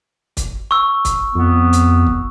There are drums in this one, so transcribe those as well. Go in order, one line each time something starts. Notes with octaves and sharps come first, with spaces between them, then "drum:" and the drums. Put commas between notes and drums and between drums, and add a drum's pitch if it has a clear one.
drum: kick, hi-hat
C#6 E6
drum: kick, hi-hat
F2 B3
drum: hi-hat
drum: kick